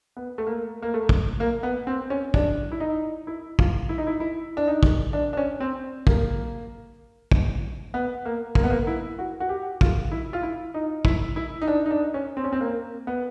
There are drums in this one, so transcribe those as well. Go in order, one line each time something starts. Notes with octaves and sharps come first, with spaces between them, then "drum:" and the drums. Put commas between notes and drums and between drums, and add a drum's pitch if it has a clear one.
B3
A3
A#3
A#3
A3
drum: kick
A#3
B3
C4
C#4
D4, drum: kick
E4
D#4
E4
F4, drum: kick
E4
D#4
E4
E4
D4
D#4
drum: kick
D4
D4
C#4
C4
A#3, drum: kick
drum: kick
B3
A#3
A#3, drum: kick
B3
A#3
E4
F#4
F#4
G4
F4, drum: kick
E4
F4
E4
D#4
E4, drum: kick
E4
D#4
D4
D#4
D4
C#4
C4
C#4
C4
A#3
B3